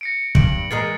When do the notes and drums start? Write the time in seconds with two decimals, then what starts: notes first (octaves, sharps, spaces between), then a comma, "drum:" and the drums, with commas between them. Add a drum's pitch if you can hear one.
0.01 A#6 C#7 D7
0.35 G2 D7 F#7, drum: kick
0.71 E3 G#3 A#4 A6 C7 D7